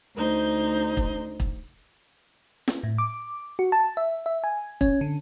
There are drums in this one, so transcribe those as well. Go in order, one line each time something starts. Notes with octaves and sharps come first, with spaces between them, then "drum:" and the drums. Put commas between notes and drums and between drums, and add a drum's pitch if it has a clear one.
D2 D#4 C5 G6
drum: kick
drum: kick
drum: snare
A2
D6
F#4
A5
E5
E5
G#5
C#4, drum: kick
D3